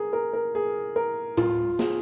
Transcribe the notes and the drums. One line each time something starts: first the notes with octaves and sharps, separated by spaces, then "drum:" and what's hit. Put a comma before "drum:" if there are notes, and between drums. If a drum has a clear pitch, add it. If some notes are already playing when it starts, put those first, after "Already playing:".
Already playing: G#4 A#4
A#4
A#4
G#4
A#4
F4, drum: tom A2
G#4, drum: snare